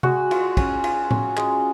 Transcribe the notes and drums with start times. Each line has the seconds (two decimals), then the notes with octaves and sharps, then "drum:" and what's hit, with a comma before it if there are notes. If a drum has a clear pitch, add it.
0.03 G#3 F#4, drum: tom
0.31 F4, drum: cymbal
0.57 C#4, drum: kick, cymbal
0.84 F4, drum: cymbal
1.11 C#4, drum: tom A2
1.37 G#3, drum: clap